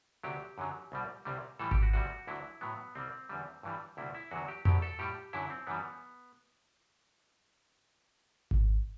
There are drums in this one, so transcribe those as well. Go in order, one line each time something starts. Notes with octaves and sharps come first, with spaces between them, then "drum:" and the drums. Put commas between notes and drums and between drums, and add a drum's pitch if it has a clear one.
D2 C3 F#3 G4
F#2 D3 F#3
C2 B2 G3
C2 C3 G3
A2 E3 G3 A4
G4, drum: kick G#1
F#4
D2 C3 G3 F#4
D2 D3 F#3 E4
A2 F#3 B3
C2 C3 G3 C4
E2 D3 G3
G2 E3 G3
D2 C3 G3 E4
E4
E2 D3 F#3 F#4
G4
C2 B2 F#3 G4, drum: tom F2
A4
A2 G3 G4
F#2 D3 F#3 E4
C4
F#2 E3 G3 B3
drum: kick G#1